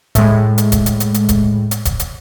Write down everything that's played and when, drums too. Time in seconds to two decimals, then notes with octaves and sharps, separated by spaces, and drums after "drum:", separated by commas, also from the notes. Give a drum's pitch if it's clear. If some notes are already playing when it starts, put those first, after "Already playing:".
0.15 A2 G#3, drum: kick, hi-hat
0.58 drum: hi-hat
0.72 drum: kick, hi-hat
0.86 drum: hi-hat
1.00 drum: hi-hat
1.14 drum: hi-hat
1.29 drum: kick, hi-hat
1.71 drum: hi-hat
1.85 drum: kick, hi-hat
2.00 drum: hi-hat